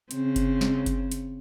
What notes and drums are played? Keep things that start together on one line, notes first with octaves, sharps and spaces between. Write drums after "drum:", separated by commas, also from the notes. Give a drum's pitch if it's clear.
C#3 C4, drum: hi-hat
drum: kick F#1, hi-hat
drum: snare
drum: kick F#1, hi-hat
drum: hi-hat